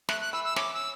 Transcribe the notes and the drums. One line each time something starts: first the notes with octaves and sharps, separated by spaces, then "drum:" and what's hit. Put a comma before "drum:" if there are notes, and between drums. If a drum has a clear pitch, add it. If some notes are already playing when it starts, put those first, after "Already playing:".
A3 F#6, drum: snare
F#6
E3 E6
E6
C#4 D6, drum: snare
E6